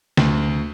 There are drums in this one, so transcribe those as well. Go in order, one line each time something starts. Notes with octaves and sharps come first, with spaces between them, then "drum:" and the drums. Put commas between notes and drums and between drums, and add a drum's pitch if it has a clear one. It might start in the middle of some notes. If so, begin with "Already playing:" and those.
D2, drum: snare